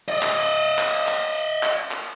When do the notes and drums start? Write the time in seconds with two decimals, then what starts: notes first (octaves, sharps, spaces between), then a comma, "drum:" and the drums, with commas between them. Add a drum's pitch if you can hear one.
0.09 D5 D#5, drum: tambourine
0.23 drum: clap
0.37 drum: tambourine
0.51 drum: tambourine
0.65 drum: tambourine
0.79 drum: clap
0.93 drum: tambourine
1.07 drum: clap
1.21 drum: tambourine
1.35 drum: tambourine
1.49 drum: tambourine
1.63 drum: clap
1.77 drum: tambourine
1.91 drum: clap